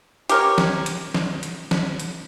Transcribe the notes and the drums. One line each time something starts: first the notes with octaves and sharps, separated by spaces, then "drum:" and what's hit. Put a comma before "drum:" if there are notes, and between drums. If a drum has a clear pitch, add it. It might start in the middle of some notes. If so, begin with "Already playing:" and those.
G4 A#4 C#5, drum: hi-hat
drum: snare
drum: hi-hat
drum: snare
drum: hi-hat
drum: snare
drum: hi-hat